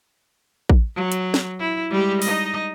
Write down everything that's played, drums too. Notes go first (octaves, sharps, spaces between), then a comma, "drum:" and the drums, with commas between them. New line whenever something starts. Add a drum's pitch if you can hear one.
drum: kick A1
F#3
drum: hi-hat
drum: snare
E4
G3 G#3 G4
D#4 D#5, drum: open hi-hat